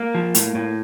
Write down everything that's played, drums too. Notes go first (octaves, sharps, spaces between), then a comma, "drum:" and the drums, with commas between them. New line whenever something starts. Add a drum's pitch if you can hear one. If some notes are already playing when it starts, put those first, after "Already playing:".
Already playing: A#3
F3
A2, drum: hi-hat
A2